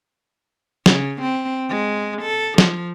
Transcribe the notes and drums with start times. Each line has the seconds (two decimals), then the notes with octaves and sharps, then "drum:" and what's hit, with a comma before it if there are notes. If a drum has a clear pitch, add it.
0.86 C#3, drum: snare
1.21 C4
1.68 G#3
2.22 A4
2.58 F3, drum: snare